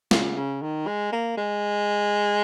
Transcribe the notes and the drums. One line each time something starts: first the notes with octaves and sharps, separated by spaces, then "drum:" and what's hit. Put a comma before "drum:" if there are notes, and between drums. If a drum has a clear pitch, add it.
C#3, drum: snare
C#3
D#3
G#3
A#3
G#3